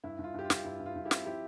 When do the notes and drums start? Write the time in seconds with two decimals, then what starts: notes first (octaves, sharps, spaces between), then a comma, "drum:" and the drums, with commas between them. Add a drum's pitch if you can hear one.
0.04 G2 E4
0.19 G2
0.24 F4
0.34 G2 G4
0.45 F4
0.50 G2, drum: snare
0.64 G2 E4
0.80 G2
0.86 F4
0.95 G2
1.05 E4 G4
1.11 C4, drum: snare
1.26 F3 E4 G4